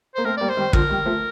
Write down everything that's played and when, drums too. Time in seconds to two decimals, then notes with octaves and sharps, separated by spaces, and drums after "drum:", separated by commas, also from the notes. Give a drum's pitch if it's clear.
0.15 A#3 C5
0.25 A3 C4 A#4
0.37 G3 A#3 D5
0.49 C5
0.57 D#3 G3
0.73 D3 F3 A#4, drum: kick
0.89 D#3 G3
1.06 F3 A3